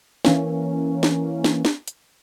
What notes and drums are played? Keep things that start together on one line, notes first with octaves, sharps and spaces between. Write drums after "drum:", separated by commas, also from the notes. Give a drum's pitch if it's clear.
E3 A#3 C#4, drum: snare
drum: snare
drum: snare
drum: snare
drum: hi-hat